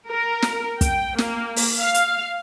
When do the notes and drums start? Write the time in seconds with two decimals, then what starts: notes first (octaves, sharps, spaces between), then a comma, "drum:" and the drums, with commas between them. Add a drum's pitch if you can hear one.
0.10 A#4
0.42 drum: snare
0.81 G5, drum: kick, hi-hat
1.18 A#3, drum: snare
1.56 drum: open hi-hat
1.80 F5
1.94 drum: hi-hat